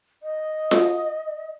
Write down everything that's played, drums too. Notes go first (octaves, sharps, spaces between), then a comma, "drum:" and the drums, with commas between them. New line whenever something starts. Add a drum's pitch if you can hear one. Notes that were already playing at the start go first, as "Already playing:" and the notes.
D#5
drum: snare F4